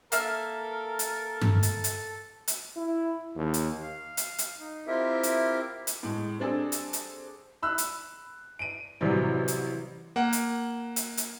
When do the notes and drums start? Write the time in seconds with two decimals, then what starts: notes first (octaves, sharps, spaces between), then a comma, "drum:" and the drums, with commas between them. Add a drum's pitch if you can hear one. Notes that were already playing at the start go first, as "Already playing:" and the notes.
0.12 A#3 A4 A#4 E5 F6, drum: hi-hat
0.99 drum: hi-hat
1.41 drum: tom G2
1.63 drum: hi-hat
1.84 drum: hi-hat
2.48 drum: hi-hat
2.76 E4
3.36 D#2
3.54 drum: hi-hat
3.82 F5
4.17 drum: hi-hat
4.38 drum: hi-hat
4.60 D#4
4.87 C4 E4 F4 G4 A#4 E5
5.23 drum: hi-hat
5.87 drum: hi-hat
6.03 A2 G#3
6.39 G3 C4 D4 G#4 A4
6.72 drum: hi-hat
6.93 drum: hi-hat
7.62 B5 E6 F#6
7.78 drum: hi-hat
8.59 D7 D#7
9.01 A1 C3 E3 F#3 G3
9.48 drum: hi-hat
10.16 A#3 F#5
10.33 drum: hi-hat
10.96 drum: hi-hat
11.17 drum: hi-hat